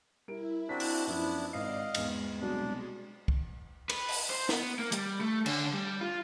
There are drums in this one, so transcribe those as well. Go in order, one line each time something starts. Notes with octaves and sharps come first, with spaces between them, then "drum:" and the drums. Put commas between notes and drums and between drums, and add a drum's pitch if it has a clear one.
G3 E4 A#4 D7
C4 D4 F#4 A#5 B6
drum: open hi-hat
F#2 F3 B3 D4 E4 C6
G#1 D5 D#5 F5 F#5 C7
E2 G#2 G#3, drum: cymbal
C2 B2 F#3 D4
drum: kick
B4, drum: cymbal
drum: open hi-hat
C5
B3, drum: snare
A#3
G3, drum: hi-hat
A3
D3, drum: cymbal
G3
F4